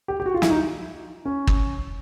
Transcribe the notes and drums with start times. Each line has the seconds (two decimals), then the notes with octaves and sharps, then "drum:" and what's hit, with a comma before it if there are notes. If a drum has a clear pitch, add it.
0.08 G4
0.20 G4
0.26 F#4
0.34 F4
0.42 E4, drum: snare
0.50 D#4
1.25 C#4
1.47 drum: kick